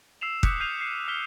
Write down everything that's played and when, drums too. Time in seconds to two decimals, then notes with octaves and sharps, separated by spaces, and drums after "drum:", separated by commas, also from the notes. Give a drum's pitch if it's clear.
0.21 E6 C7 E7 F7
0.43 D6 D#6 F#6 G6 B6 C#7, drum: kick
0.60 F6 G6 C7 D#7 F7
0.81 C7
1.08 F6 B6 E7 G7